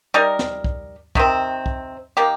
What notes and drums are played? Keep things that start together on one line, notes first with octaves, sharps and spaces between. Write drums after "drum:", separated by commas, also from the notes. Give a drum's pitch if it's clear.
G3 D#4 A#4
drum: snare
drum: kick
C3 D#3 C4, drum: kick
drum: kick
D#3 A#3 G4